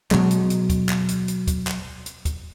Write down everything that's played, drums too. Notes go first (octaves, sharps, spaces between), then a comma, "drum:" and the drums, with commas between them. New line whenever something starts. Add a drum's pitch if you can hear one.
B2 F#3 G#3, drum: clap
drum: hi-hat
drum: hi-hat
drum: kick D2, hi-hat
drum: clap
drum: hi-hat
drum: hi-hat
drum: kick D2, hi-hat
drum: clap
drum: hi-hat
drum: kick D2, hi-hat